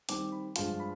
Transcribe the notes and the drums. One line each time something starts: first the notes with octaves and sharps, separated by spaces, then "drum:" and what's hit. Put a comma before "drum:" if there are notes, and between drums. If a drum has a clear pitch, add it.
D#3 G3 C4 D6, drum: hi-hat
B5
G2 F3 G#3 D4 F4, drum: hi-hat
B5